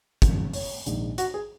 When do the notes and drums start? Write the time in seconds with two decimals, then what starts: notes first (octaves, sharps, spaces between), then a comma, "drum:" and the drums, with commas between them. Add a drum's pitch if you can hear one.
0.22 G#1 F#2 C#3 F3, drum: kick, hi-hat
0.53 C#5, drum: open hi-hat
0.86 A#1 G#2 D#3, drum: hi-hat
1.18 F#4, drum: hi-hat
1.34 G#4